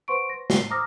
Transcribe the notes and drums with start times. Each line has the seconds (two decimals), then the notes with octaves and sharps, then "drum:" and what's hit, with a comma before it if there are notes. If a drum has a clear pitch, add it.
0.08 B4 C5 F#5 C6 C#6 D7
0.29 A#6
0.50 C7 G7, drum: snare
0.70 C5 A#5 D6 D#6 F6 A#6